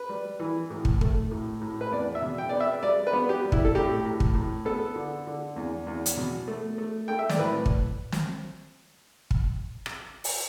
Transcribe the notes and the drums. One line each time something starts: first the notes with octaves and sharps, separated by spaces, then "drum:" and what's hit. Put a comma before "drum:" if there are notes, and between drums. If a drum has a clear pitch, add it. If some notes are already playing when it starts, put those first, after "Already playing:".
Already playing: B4
G3
E3
A2
drum: kick
A3, drum: kick
A2
A2
B4
E2 D5
E5
B2
G5
B3 D5
E5
G3 D5
B4
B3
G4
G3
E4, drum: kick
A4
A2 G4
A2
drum: kick
A2
B3 A4
D3
D3
E2
E2
drum: hi-hat
B2
A3
A3
A3 G5
E5
D5, drum: snare
A2 B4
drum: kick
drum: snare
drum: kick
drum: rim click
drum: open hi-hat